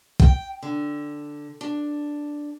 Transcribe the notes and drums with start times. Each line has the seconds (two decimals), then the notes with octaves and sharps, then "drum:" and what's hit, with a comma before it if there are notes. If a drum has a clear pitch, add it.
0.20 G5, drum: kick B1
0.63 D3
1.61 D4